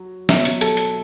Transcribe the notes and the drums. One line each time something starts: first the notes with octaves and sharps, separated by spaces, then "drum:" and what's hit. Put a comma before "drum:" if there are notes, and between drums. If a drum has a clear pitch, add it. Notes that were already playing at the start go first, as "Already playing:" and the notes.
Already playing: F#3
B2 F#3 E5, drum: snare
drum: hi-hat
A4, drum: hi-hat
drum: hi-hat